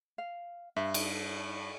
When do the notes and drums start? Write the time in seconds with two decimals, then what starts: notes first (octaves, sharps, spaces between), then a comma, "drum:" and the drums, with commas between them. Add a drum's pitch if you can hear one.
0.18 F5
0.76 G2 E5
0.94 drum: cymbal